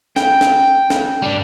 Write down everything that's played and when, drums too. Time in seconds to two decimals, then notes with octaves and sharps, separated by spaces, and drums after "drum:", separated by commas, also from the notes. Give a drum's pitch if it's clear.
0.16 G5, drum: snare
0.41 drum: snare
0.90 drum: snare
1.22 G3 D4